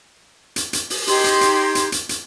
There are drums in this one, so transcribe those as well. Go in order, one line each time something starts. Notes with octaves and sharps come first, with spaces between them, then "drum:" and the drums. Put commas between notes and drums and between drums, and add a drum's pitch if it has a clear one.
drum: hi-hat
drum: hi-hat
drum: open hi-hat
D#4 G4 C6 G#6, drum: open hi-hat
drum: hi-hat
drum: hi-hat
drum: hi-hat
drum: hi-hat
drum: hi-hat